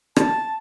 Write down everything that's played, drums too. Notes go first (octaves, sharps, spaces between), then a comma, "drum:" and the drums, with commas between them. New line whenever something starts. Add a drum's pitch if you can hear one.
A5, drum: rim click